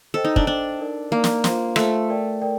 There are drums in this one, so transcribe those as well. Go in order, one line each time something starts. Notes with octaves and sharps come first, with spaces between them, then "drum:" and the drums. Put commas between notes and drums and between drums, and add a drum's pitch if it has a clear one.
A4 C5 D#5 G5
D#4
D4, drum: kick
D4 C5 D#5 G5
D#4 A#4 D5
A#3 D#4 A#4 D5
drum: snare
F4 C5 F5 C6, drum: snare
A3 F4 C5 F5 C6, drum: rim click
A#4 D5 G5
A#4 D5 G5